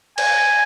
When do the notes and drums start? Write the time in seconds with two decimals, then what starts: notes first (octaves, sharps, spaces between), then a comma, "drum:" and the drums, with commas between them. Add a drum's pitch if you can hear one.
0.18 G#5, drum: cymbal